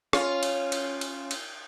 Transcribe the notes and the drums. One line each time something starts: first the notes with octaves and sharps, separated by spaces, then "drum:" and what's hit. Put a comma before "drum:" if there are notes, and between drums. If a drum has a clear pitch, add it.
C#4 F4, drum: rim click
drum: cymbal
drum: cymbal
drum: cymbal
drum: cymbal